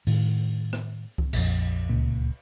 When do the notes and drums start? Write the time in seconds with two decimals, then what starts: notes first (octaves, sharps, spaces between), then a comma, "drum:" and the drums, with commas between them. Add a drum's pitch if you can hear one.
0.07 A2 D#3, drum: open hi-hat
0.73 drum: rim click
1.18 drum: kick C2
1.33 A#1 F2, drum: cymbal
1.89 D1 C#2 A#2